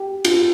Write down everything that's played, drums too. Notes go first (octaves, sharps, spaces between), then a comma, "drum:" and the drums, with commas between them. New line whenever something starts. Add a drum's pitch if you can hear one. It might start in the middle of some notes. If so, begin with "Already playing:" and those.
Already playing: G4
F4, drum: cymbal